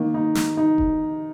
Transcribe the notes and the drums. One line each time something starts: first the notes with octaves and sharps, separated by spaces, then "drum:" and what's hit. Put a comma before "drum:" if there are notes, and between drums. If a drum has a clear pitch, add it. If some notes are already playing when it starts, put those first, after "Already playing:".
Already playing: D#3 A#3
D#4
drum: snare
D#4
drum: kick F1